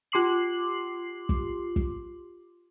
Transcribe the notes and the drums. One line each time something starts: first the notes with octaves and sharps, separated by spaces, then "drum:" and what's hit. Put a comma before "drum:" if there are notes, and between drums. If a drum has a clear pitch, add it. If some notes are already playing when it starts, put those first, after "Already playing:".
F4 G4 C6 D6 C7 F#7
drum: kick
drum: kick